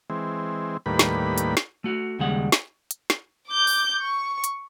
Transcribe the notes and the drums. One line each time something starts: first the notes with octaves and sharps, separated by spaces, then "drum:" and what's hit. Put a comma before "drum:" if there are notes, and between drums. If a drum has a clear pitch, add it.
E3 G#3 C4
D#2 A2 G3 A#3 B4 B5
drum: snare
drum: hi-hat
drum: snare
A3 F#4
D#2 C#3 G3 G#3 F#5
drum: snare
drum: hi-hat
drum: snare
D6 G6
drum: open hi-hat
C#6
drum: hi-hat